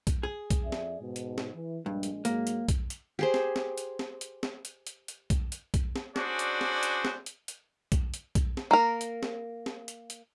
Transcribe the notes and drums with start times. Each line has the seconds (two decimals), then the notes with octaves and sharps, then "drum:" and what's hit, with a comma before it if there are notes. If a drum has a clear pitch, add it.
0.07 drum: kick B1, hi-hat
0.23 G#4
0.50 drum: kick B1, hi-hat
0.63 F2 D5 E5
0.72 drum: snare
1.01 G#2 B2
1.16 drum: hi-hat
1.38 drum: snare
1.54 E3
1.86 A#1 G2 G#3 D4
2.03 drum: hi-hat
2.25 G#2 F#3 G#3 A#3, drum: hi-hat
2.47 drum: hi-hat
2.69 drum: kick B1, hi-hat
2.90 drum: hi-hat
3.19 G4 G#4 C5
3.34 drum: snare
3.56 drum: snare
3.78 drum: hi-hat
3.99 drum: snare
4.21 drum: hi-hat
4.43 drum: snare
4.65 drum: hi-hat
4.87 drum: hi-hat
5.08 drum: hi-hat
5.30 drum: kick B1, hi-hat
5.52 drum: hi-hat
5.74 drum: kick B1, hi-hat
5.96 drum: snare
6.16 C#4 D4 F#4 G#4 C5 D5, drum: snare
6.39 drum: hi-hat
6.61 drum: snare
6.83 drum: hi-hat
7.05 drum: snare
7.26 drum: hi-hat
7.48 drum: hi-hat
7.92 drum: kick B1, hi-hat
8.14 drum: hi-hat
8.35 drum: kick B1, hi-hat
8.57 drum: snare
8.71 A#3 A#4
9.01 drum: hi-hat
9.23 drum: snare
9.66 drum: snare
9.88 drum: hi-hat
10.10 drum: hi-hat